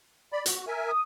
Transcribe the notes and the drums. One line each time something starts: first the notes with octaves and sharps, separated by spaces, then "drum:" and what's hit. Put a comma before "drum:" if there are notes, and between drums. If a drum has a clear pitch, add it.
D5 B5
F#4, drum: hi-hat
A#4 E5 G#5
D#6